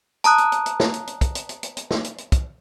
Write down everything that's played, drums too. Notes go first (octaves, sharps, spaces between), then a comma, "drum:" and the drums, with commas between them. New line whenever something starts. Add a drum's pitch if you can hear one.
A5 A#5 D#6 F#6, drum: hi-hat
drum: hi-hat
drum: hi-hat
drum: hi-hat
drum: snare
drum: hi-hat
drum: hi-hat
drum: kick, hi-hat
drum: hi-hat
drum: hi-hat
drum: hi-hat
drum: hi-hat
drum: snare
drum: hi-hat
drum: hi-hat
drum: kick, hi-hat